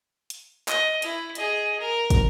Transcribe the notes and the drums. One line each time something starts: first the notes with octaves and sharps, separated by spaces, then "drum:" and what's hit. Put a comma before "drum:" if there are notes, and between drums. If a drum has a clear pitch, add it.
drum: hi-hat
D#5, drum: clap
E4, drum: hi-hat
G#4 D#5, drum: hi-hat
A#4
drum: kick, hi-hat